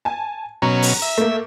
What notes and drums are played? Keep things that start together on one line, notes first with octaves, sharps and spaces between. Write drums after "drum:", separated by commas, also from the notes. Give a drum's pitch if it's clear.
G#5 A5
B2 F#3 C#4 A#5
drum: open hi-hat
E5
A3 A#3